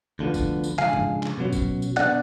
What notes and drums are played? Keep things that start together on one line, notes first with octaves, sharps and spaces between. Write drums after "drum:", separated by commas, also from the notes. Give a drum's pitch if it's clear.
D2 D3 F3 B3
drum: kick, tambourine
drum: tambourine
C#3 F3 G#3 D4 F5 G#5, drum: clap
drum: tom G#2
drum: clap
B2 F#3 C#4
drum: kick, tambourine
drum: tambourine
B2 F#3 B3 D4 D5 F#5, drum: clap